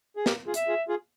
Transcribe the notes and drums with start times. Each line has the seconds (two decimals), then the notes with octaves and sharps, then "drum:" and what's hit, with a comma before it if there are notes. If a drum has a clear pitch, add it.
0.17 G#4
0.26 G4 A#4, drum: snare
0.47 F4 G#4
0.54 E5, drum: hi-hat
0.68 F4 G#4
0.89 F4 G#4